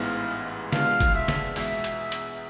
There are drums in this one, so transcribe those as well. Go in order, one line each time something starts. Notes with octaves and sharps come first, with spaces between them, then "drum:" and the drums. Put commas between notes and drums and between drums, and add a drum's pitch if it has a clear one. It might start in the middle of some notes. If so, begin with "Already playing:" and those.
Already playing: A1 G#2 G#3 B3 E4 F5
B2 G#3 B3 D4 F4 F5, drum: snare
drum: kick F#1, hi-hat
E5
drum: snare
E2 B2 G#3 E5, drum: open hi-hat
drum: hi-hat
drum: hi-hat